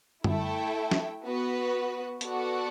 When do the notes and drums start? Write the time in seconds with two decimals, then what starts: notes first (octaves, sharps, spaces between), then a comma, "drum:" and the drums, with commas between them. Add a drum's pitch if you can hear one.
0.24 A3 E4 A4 E5 G5, drum: tom
0.91 drum: snare
1.22 B3 F#4 B4
2.21 B3 F#4 A4 D5 F#5, drum: hi-hat